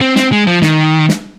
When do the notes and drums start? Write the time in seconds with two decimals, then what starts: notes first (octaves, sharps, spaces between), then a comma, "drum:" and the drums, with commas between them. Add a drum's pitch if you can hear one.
0.01 C4
0.16 C4, drum: snare
0.32 G#3
0.47 F3
0.62 D#3, drum: snare
1.09 drum: snare